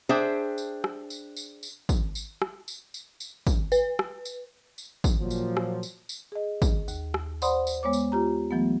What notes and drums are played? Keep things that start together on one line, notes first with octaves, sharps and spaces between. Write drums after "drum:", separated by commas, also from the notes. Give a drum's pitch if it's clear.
D4 G#4 C5 E5 G5
drum: tambourine
drum: rim click
drum: tambourine
drum: tambourine
drum: tambourine
drum: kick, tambourine
drum: tambourine
drum: rim click
drum: tambourine
drum: tambourine
drum: tambourine
drum: kick, tambourine
B4, drum: tambourine
drum: rim click
drum: tambourine
drum: tambourine
drum: kick, tambourine
A#2 F3 F#3
drum: tambourine
drum: rim click
drum: tambourine
drum: tambourine
G#4 D#5
drum: kick, tambourine
D#2, drum: tambourine
drum: rim click
C5 D5 F#5 B5 C6 D#6, drum: tambourine
drum: tambourine
G#3 B3 C#5 D6
drum: tambourine
F4 G4 A#5
E3 F#3 A3 B3